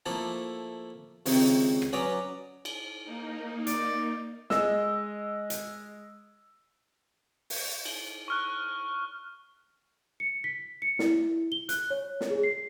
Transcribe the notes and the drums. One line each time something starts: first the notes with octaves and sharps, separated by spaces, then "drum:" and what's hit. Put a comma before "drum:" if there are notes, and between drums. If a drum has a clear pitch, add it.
F3 A3 A#3 E4 A4
C#2 C3 D#3, drum: open hi-hat
drum: rim click
F#3 C#4 B4 D5 A#5 D#6
drum: cymbal
A#3 D#4
D5, drum: hi-hat
G#3 D#5 E6, drum: snare
drum: hi-hat
drum: open hi-hat
drum: cymbal
C#6 F6 F#6
C#7
B6
C#7
E4, drum: snare
G7
F#6, drum: hi-hat
C#5
drum: snare
G#4
C7